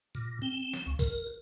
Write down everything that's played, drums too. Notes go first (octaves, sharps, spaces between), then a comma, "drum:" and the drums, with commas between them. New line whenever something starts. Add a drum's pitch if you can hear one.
A#2
C4
drum: snare
C#2
A#4, drum: kick, open hi-hat